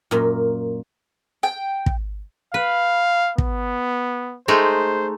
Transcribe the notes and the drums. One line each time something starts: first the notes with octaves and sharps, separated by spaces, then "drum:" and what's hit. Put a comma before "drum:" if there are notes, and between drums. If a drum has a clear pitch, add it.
F#2 A#2
G5
drum: kick
B4 F5
B3, drum: kick
G#3 A3 D#4 C5